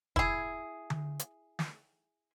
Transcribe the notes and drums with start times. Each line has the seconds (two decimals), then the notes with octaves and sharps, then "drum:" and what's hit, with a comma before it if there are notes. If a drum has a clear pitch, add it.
0.16 E4 G#4, drum: kick
0.90 drum: tom D3
1.19 drum: hi-hat
1.59 drum: snare